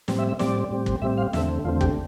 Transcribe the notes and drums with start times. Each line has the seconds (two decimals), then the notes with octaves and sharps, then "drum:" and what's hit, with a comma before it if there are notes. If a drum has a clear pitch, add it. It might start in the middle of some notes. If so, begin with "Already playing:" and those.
0.08 A2 G3 C4, drum: snare
0.19 E5
0.29 E5
0.39 A2 G3 C4 D5, drum: snare
0.70 A2 G3 C4
0.86 drum: kick
1.02 A2 G3 C4 E5
1.18 F5
1.33 E2 D3 A3 C4 E5, drum: snare
1.64 E2 D3 A3 C4 F4
1.81 G4, drum: kick